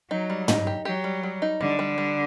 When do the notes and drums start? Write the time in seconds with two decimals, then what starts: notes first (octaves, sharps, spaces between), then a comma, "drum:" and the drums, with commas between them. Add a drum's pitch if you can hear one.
0.10 F#3 D#4
0.30 G3
0.48 D#4, drum: tom
0.67 G4
0.85 F#3 G4
1.04 G3
1.23 G3
1.42 D#4
1.61 D3 G3
1.79 G3
1.98 G3